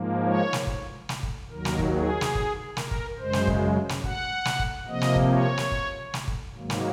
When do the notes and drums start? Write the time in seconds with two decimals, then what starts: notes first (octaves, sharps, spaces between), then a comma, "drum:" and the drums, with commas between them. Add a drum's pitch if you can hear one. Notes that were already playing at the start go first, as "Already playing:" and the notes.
Already playing: G#2 F3 A#3
0.24 C#5
0.53 drum: snare
0.67 drum: kick
1.09 drum: snare
1.23 drum: kick
1.50 D#2 D#3 F#3 A#4
1.65 drum: snare
1.79 drum: kick
1.94 G#4
2.21 drum: snare
2.35 drum: kick
2.77 A#4, drum: snare
2.91 drum: kick
3.19 F#2 C#3 G#3 C5
3.33 drum: snare
3.47 drum: kick
3.89 drum: snare
4.04 F#5, drum: kick
4.45 drum: snare
4.59 drum: kick
4.87 C3 F3 A#3 D#5
5.01 drum: snare
5.15 drum: kick
5.30 C#5
5.58 drum: snare
5.72 drum: kick
6.14 drum: snare
6.28 drum: kick
6.56 G#2 D#3 F#3 A#3
6.70 drum: snare